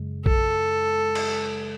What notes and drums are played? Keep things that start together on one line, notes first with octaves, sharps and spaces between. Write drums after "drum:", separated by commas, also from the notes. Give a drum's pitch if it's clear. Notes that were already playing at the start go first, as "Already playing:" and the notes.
Already playing: F#2 C#3 G#3
A4, drum: kick A#1
drum: cymbal